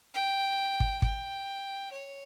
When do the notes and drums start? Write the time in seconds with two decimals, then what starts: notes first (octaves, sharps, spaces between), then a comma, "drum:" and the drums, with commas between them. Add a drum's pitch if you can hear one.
0.14 G5
0.80 drum: kick
1.02 G5, drum: kick
1.92 C#5